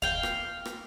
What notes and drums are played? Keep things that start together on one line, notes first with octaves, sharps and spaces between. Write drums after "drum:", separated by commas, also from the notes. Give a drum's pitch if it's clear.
F5 G5, drum: kick
drum: rim click
drum: rim click